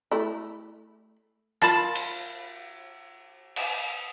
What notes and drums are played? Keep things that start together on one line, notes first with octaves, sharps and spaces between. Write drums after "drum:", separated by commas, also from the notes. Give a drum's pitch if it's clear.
A3 E4
F4 A#4 A5 B5, drum: clap
drum: cymbal
drum: cymbal